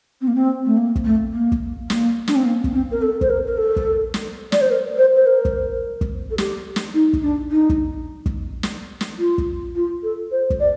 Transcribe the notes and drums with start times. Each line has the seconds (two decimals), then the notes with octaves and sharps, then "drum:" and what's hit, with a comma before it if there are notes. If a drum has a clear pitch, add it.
0.21 C4
0.28 A#3
0.35 C4
0.65 A3
0.77 A#3
0.96 drum: kick
1.05 A3
1.33 A#3
1.52 drum: kick
1.90 A#3, drum: snare
2.28 D4, drum: snare
2.36 C4
2.45 A#3
2.64 drum: kick
2.73 C4
2.91 A#4
3.02 A4
3.21 C5, drum: kick
3.30 A#4
3.47 A#4
3.58 A4
3.76 drum: kick
4.14 drum: snare
4.52 D5, drum: snare
4.61 C5
4.71 A#4
4.97 C5
5.16 C5
5.27 A#4
5.45 drum: kick
6.01 drum: kick
6.31 A4
6.38 G4, drum: snare
6.76 drum: snare
6.94 D#4
7.13 drum: kick
7.23 D4
7.51 D#4
7.70 drum: kick
8.26 drum: kick
8.63 drum: snare
9.01 drum: snare
9.19 F4
9.38 drum: kick
9.76 F4
10.03 A4
10.31 C5
10.50 drum: kick
10.60 D5